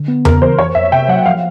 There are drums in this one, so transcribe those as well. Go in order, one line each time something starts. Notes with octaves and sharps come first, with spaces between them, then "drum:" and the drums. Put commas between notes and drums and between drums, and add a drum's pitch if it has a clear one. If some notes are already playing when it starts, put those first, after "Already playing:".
Already playing: D3
B3
C#3 A#4, drum: tom E2
E3 C5
F2 C#5
F2 E5
C3 G5
F#3 F#5
F3 F5